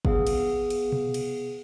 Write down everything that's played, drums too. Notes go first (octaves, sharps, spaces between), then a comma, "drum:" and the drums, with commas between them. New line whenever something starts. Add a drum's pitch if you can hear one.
B3 G#4 F5, drum: kick G1
drum: cymbal
drum: cymbal
drum: tom B2
drum: cymbal